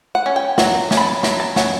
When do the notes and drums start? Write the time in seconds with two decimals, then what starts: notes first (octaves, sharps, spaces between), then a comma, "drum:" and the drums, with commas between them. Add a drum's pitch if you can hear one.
0.15 F#5
0.26 C#4
0.36 G5
0.58 F#3 F#5, drum: snare
0.91 C#4, drum: snare
0.97 B5
1.01 A5
1.23 F#3 B5, drum: snare
1.40 A5
1.56 C#4 F#5, drum: snare